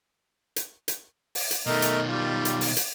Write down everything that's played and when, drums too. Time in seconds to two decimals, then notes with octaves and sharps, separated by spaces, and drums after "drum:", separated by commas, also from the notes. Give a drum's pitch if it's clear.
0.56 drum: hi-hat
0.88 drum: hi-hat
1.35 drum: open hi-hat
1.51 drum: hi-hat
1.66 B2 D#3 A3 A#4 D#5
1.82 drum: hi-hat
2.07 G3 F4
2.45 drum: hi-hat
2.61 drum: open hi-hat
2.77 drum: hi-hat